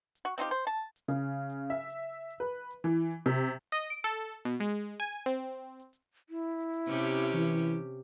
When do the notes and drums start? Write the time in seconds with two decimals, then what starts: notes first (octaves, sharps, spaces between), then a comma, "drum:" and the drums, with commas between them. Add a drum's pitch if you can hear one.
0.15 drum: hi-hat
0.25 F#4
0.38 C4 D#4 F4 G4
0.51 C5
0.67 A5, drum: hi-hat
0.96 drum: hi-hat
1.08 C#3, drum: hi-hat
1.50 drum: hi-hat
1.70 E5
1.90 drum: hi-hat
2.30 drum: hi-hat
2.40 B4
2.71 drum: hi-hat
2.84 E3
3.11 drum: hi-hat
3.26 C3
3.38 drum: hi-hat
3.51 drum: hi-hat
3.72 D#5
3.90 D7, drum: hi-hat
4.04 A4
4.18 drum: hi-hat
4.32 drum: hi-hat
4.45 B2
4.60 G#3
4.72 drum: hi-hat
5.00 G#5, drum: hi-hat
5.12 drum: hi-hat
5.26 C4
5.53 drum: hi-hat
5.80 drum: hi-hat
5.93 drum: hi-hat
6.29 E4
6.60 drum: hi-hat
6.74 drum: hi-hat
6.87 C3 C#4 G4
7.14 drum: hi-hat
7.34 E3
7.54 drum: hi-hat